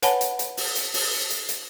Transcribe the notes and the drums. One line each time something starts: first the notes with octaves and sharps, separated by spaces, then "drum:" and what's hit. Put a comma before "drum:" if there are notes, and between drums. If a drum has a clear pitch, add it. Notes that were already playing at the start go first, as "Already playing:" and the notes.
B4 C#5 F#5 G#5 A5 B5, drum: hi-hat
drum: hi-hat
drum: hi-hat
drum: open hi-hat
drum: hi-hat
drum: open hi-hat
drum: hi-hat
drum: hi-hat